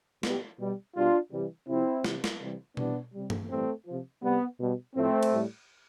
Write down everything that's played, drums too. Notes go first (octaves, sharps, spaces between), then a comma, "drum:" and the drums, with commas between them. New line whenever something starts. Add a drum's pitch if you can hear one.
B2 G3, drum: snare
B2 G3
B2 G3 D4 F4
C3 E3 G3
C3 F3 C4 E4
C3 E3 G3, drum: snare
drum: snare
C3 E3 G3
C3 E3 G3 B3 D4, drum: tom B2
C3 G3
drum: tom
A2 E3 G3 A3 C4
C3 F3
C3 G3 B3
B2 G3
A2 F3 A3 C4
drum: cymbal
A2 G3